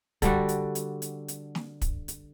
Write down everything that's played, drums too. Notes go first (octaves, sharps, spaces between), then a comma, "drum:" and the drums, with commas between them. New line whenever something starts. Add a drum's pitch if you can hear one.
D3 G3 F#4, drum: kick, hi-hat
drum: hi-hat
drum: hi-hat
drum: hi-hat
drum: hi-hat
drum: snare
drum: kick, hi-hat
drum: hi-hat